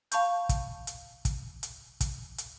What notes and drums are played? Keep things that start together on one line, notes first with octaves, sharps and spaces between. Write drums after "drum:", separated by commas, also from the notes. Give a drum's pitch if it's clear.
F5 A5 B5 C#6 G6, drum: hi-hat
drum: kick, hi-hat
drum: hi-hat
drum: kick, hi-hat
drum: hi-hat
drum: kick, hi-hat
drum: hi-hat